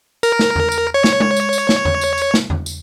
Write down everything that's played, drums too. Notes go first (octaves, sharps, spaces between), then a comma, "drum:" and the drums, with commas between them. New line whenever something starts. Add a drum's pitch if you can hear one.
A#4, drum: tambourine
drum: snare
drum: tom E2
drum: tambourine
C#5
drum: snare
drum: tom G#3
drum: tambourine
drum: tambourine
drum: snare
drum: tom E2
drum: tambourine
drum: tambourine
drum: snare
drum: tom E2
drum: tambourine